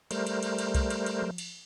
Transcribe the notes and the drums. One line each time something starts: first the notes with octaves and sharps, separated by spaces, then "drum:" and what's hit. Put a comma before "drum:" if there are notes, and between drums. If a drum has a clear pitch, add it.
G3 A3 A#4 C5, drum: cymbal
drum: cymbal
drum: cymbal
drum: cymbal
drum: kick C2, cymbal
drum: cymbal
drum: cymbal
drum: tom F3
drum: cymbal